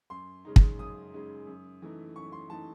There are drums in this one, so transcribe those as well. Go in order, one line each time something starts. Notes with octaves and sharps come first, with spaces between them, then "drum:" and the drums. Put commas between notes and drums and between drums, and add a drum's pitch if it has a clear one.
F#2 C6
C#3 G#3 D#4
drum: kick
F#2 D#6
C#3 G#3 D#4
F#2
E3 A3 D#4
F#2 C#6
C6
E3 A3 D#4 A5